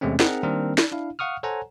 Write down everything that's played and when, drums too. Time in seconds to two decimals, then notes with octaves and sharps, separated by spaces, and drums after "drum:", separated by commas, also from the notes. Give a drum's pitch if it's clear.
0.01 E2 C3 G#3 A3 C4 C#4
0.20 C4 D#4 G#4 A#4 F#5 A#5, drum: snare
0.43 D#3 G3 A#3 C4 D4 A#4
0.78 drum: snare
0.92 D4 E4 F5
1.19 F5 F#5 C#6 D#6 F6
1.43 A4 C5 C#5 F#5 G#5 A#5